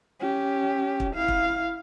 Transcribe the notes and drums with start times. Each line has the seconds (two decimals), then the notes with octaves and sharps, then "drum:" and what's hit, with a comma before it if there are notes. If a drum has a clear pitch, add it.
0.21 C#4 G4
1.00 drum: kick
1.14 E4 F5
1.28 drum: kick